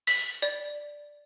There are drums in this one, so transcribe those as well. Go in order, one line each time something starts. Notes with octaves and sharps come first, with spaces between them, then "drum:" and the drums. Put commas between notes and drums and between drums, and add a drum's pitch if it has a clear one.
B6, drum: open hi-hat
D5